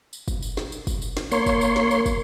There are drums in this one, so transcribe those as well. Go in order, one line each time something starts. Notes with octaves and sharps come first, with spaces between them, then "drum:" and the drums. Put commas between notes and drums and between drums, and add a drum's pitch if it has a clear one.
drum: tambourine
drum: kick, tambourine
drum: tambourine
drum: snare
drum: tambourine
drum: kick, tambourine
drum: tambourine
drum: snare
A#3 C#5 C6, drum: tambourine
drum: kick, tambourine
drum: tambourine
drum: snare
drum: tambourine
drum: kick, tambourine